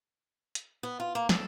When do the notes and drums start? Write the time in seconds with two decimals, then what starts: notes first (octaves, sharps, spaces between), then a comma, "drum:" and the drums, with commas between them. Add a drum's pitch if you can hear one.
0.55 drum: hi-hat
0.83 B3
1.00 F4
1.15 A#3
1.29 A4, drum: snare